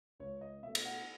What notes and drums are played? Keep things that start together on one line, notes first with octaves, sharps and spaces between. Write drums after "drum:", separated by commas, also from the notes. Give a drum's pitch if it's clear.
C#2 C#5
D#5
B2 A3 E5
drum: cymbal
F#5